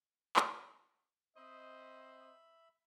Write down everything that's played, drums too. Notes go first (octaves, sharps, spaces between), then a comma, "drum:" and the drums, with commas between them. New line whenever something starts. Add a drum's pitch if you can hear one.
drum: clap
C4 C5 D#5 E5 B5